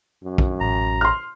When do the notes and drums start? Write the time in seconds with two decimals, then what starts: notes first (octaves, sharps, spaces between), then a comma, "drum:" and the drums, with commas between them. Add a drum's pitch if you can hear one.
0.24 F#2
0.38 drum: kick
0.61 A1 A#5
1.01 C6 F6